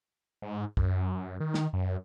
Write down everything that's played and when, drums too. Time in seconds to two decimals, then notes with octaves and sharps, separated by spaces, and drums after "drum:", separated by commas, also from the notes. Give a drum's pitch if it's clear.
0.42 G#2
0.77 F#2, drum: kick
1.40 D#3
1.54 drum: snare
1.73 F#2